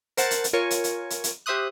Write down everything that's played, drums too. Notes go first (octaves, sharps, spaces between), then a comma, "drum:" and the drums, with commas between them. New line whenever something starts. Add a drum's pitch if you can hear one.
A#4 C5 F#5 A5 F#6 A6, drum: hi-hat
drum: hi-hat
drum: hi-hat
F4 A#4 C#5 G#5 C#6
drum: hi-hat
drum: hi-hat
drum: hi-hat
drum: hi-hat
G4 C5 E5 C6 D#6 F#6